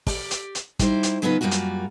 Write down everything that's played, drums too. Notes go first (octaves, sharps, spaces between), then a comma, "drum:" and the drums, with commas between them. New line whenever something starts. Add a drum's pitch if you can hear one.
G4 D5, drum: kick, open hi-hat
drum: hi-hat
drum: hi-hat
G3 D#4 E4 C5, drum: kick, hi-hat
drum: hi-hat
C#3 F#3 B3 D#4 F4 B4
F#2 G3 A#3 F4 F#4
drum: hi-hat